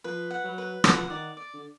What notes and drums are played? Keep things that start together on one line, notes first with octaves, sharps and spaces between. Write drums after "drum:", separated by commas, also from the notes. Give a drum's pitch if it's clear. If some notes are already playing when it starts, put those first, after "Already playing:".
F3 B4
F#5
F#3
B4
F3 F#5, drum: rim click
D#3 D5
D5
D3